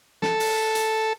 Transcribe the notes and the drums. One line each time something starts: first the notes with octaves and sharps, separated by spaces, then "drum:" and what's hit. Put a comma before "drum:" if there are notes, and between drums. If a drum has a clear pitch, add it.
A4, drum: snare
drum: open hi-hat
drum: hi-hat